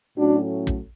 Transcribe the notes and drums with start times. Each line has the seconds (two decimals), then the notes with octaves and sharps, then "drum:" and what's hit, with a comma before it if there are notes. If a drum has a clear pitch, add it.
0.17 A2 F#3 A3 C#4 D4 F#4
0.67 drum: kick